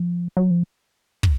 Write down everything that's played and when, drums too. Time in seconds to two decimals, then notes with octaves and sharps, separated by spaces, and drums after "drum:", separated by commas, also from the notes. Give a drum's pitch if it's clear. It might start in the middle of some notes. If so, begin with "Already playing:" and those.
Already playing: F3
0.37 F#3
0.50 F3
1.23 drum: kick